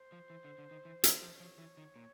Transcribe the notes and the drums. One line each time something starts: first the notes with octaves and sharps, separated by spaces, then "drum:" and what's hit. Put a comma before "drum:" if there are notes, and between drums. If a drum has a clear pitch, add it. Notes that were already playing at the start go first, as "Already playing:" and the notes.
Already playing: C5
F3
E3
D3
D3
D#3
E3
E3, drum: hi-hat
F3
F3 C#5
E3
D#3
A#2